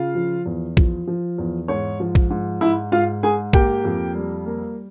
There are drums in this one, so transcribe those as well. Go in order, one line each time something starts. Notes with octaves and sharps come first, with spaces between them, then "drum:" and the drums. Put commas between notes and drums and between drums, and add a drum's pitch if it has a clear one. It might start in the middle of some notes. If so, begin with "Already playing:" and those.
Already playing: C#3 F4 F5
F3
E2
F3, drum: kick
F3
E2
G#2 C#5
F3
drum: kick
G#2
G#2 E4 E5
G#2 F4 F5
G#2 G#4 G#5
A#3 G4 G5, drum: kick
F2
G3
A#3